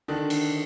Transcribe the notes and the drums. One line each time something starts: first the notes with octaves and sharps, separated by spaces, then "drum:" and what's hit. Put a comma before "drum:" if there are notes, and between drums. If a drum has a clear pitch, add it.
D3 D#3 D4
drum: cymbal